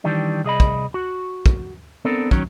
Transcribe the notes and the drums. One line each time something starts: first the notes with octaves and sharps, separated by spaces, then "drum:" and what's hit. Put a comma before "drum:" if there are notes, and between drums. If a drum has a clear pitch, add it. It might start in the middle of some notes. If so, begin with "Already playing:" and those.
D#3 E3 G3 D4
C2 G#4 D#5 B5
drum: kick
F#4
drum: kick
B3 C4 D4 A4 A#4
D#3 F#3 C#4, drum: kick